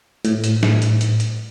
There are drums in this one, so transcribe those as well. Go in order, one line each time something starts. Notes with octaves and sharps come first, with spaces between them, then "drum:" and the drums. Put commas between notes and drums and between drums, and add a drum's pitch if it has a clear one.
A2, drum: hi-hat
drum: hi-hat
drum: snare
drum: hi-hat
drum: hi-hat
drum: hi-hat